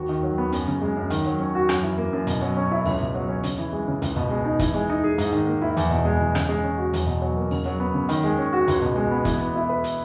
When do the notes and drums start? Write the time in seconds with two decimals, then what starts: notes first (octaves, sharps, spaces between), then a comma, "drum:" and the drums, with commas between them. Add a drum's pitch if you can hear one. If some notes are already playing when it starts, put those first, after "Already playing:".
Already playing: D#2 F#4
0.09 D#3
0.23 F#3
0.38 B3
0.52 F#2, drum: hi-hat
0.67 C#3
0.82 G#3
0.97 F#2
1.10 D#3, drum: hi-hat
1.26 F#3
1.40 C#4
1.55 F#4
1.69 F#2, drum: rim click
1.83 E3
1.97 A#3
2.13 F#2
2.27 B2, drum: hi-hat
2.41 F#3
2.57 C#4
2.71 E4
2.86 C#2, drum: open hi-hat
3.00 B2
3.14 F#3
3.28 C#4
3.43 C#3, drum: hi-hat
3.58 E3
3.73 G#3
3.88 C#3
4.02 C#2, drum: hi-hat
4.16 B2
4.30 G#3
4.45 D#4
4.59 E3, drum: kick, hi-hat
4.75 G#3
4.89 D#4
5.04 G#4
5.18 G#2, drum: hi-hat
5.33 D#3
5.47 A#3
5.62 E4
5.77 E2, drum: hi-hat
5.91 B2
6.05 G#3
6.20 E2
6.35 C#3, drum: rim click
6.49 G#3
6.64 C#4
6.78 F#4
6.93 E2, drum: hi-hat
7.07 B2
7.22 F#3
7.37 A#3
7.51 C#3, drum: open hi-hat
7.66 F#3
7.80 B3
7.94 C#3
8.09 D#3, drum: hi-hat
8.24 G#3
8.38 C#4
8.53 F#4
8.68 C#2, drum: hi-hat
8.82 B2
8.96 G#3
9.11 B3
9.25 E3, drum: kick, hi-hat
9.40 B3
9.55 E4
9.69 B4
9.84 drum: hi-hat